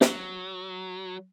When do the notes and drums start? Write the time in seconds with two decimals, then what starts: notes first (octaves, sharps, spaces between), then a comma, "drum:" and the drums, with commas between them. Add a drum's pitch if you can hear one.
0.01 F#3, drum: snare